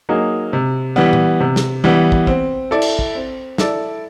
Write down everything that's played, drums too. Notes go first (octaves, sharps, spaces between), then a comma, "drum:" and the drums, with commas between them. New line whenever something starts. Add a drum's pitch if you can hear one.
F#3 A#3 D#4 G#4
C3
E3 G3 B3
drum: tom A#2
C3
drum: snare
E3 G3 B3
drum: kick
C4, drum: kick
E4 A4 D5
drum: cymbal
drum: kick
C4
E4 A4 D5, drum: snare